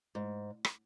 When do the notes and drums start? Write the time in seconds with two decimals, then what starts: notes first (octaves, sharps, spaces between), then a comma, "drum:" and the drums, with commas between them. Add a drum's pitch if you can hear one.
0.15 G#2
0.65 drum: rim click